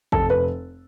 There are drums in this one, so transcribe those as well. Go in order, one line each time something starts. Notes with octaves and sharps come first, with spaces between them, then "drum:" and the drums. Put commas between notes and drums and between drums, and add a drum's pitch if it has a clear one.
F1 A4, drum: kick G#1
B4